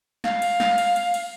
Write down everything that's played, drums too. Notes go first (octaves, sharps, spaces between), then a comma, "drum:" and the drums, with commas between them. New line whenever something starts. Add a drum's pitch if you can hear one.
F5, drum: snare
drum: cymbal
drum: snare
drum: cymbal
drum: cymbal
drum: cymbal